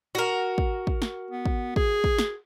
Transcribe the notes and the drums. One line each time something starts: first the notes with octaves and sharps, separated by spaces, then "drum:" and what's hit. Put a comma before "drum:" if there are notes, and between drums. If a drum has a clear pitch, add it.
F#4 A#4
drum: kick
drum: kick
drum: snare
B3
drum: kick
G#4, drum: kick
drum: kick
drum: snare